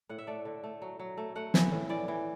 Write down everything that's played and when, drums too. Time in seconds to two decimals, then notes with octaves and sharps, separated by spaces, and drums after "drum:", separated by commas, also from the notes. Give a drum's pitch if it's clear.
0.09 A2 F#5
0.18 E5
0.27 A3 D5
0.45 D3
0.64 A3
0.82 F#3
1.00 F#3
1.17 A3
1.36 A3 F#5
1.54 E3 E5, drum: snare
1.72 A2
1.89 E3 D5
2.08 E3